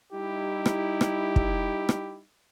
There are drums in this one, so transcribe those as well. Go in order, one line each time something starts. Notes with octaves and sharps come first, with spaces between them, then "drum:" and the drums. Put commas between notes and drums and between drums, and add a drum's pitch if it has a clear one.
G3 D#4 E4 G4
drum: rim click
drum: rim click
drum: kick
drum: rim click